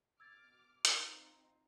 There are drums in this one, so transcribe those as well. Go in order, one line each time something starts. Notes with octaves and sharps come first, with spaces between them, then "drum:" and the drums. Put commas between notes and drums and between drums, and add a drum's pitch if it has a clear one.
B2 D6 E6 F6 G#6 A6
C4 D#4 F4 A#5 C6, drum: hi-hat